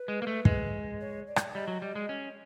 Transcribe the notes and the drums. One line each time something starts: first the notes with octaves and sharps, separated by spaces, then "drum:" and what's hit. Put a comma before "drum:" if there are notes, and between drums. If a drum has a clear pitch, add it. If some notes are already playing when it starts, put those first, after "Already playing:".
Already playing: B4
G#3
A#3
A3
G#3, drum: kick
C#5
D5
drum: rim click
G3 D#5
F#3
G3
G#3
C#4